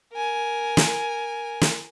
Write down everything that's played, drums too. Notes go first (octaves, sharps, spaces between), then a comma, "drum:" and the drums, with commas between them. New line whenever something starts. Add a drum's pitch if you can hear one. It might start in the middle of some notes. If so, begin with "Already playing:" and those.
A#4 G#5
drum: snare
drum: snare